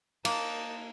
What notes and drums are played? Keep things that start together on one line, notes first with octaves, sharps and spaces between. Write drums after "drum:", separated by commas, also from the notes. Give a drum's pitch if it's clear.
A#3 D#4 A5, drum: cymbal